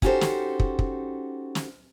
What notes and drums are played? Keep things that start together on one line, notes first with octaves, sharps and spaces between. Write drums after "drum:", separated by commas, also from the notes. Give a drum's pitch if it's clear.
C#4 D#4 F#4 G4 A4 C5, drum: kick
drum: snare
drum: kick
drum: kick
drum: snare